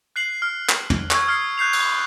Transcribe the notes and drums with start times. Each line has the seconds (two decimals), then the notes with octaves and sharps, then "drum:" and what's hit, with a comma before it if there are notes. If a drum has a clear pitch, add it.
0.16 F#6 C7 F#7
0.42 F6
0.69 drum: clap
0.90 drum: tom
1.11 C#6 E6 G#6, drum: clap
1.27 D#6 F6 G#6 C7
1.58 F#6 G6 C7 F7
1.73 drum: cymbal